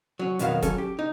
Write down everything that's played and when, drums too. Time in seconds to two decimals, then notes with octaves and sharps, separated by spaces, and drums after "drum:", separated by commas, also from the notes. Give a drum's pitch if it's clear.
0.19 F#3 C#4
0.39 F2 B2 D#3 F#3 F5, drum: hi-hat
0.62 F#3 C#4 A4, drum: kick, hi-hat
0.78 G4
0.99 D#4